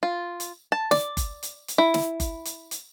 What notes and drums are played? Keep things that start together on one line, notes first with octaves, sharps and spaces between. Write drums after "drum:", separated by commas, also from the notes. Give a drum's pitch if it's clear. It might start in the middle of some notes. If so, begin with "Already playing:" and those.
F4
drum: hi-hat
A5
D5, drum: snare
drum: kick F#1, hi-hat
drum: hi-hat
drum: hi-hat
E4
drum: snare
drum: kick F#1, hi-hat
drum: hi-hat
drum: hi-hat